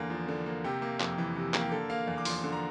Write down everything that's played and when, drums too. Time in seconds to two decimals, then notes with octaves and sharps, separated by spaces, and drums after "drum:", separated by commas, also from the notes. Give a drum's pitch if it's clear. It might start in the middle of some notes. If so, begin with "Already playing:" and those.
Already playing: E2 D3 A#3
0.10 F3
0.29 D3
0.46 A#3
0.64 C3 G4
0.82 A#3
1.00 F2, drum: clap
1.18 E3
1.36 C3
1.54 A#3, drum: clap
1.61 G4
1.72 D3 A4
1.90 A#3 F5
2.08 E2
2.18 D6
2.25 F3 C6, drum: open hi-hat
2.44 D3
2.52 A#5